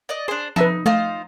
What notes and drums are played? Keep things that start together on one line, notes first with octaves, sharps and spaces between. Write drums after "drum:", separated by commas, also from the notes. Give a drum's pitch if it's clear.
D5 D#5
D4 G#4 C5
D#4 B4 E5 A5, drum: tom F3
A3 D#4 F4 C5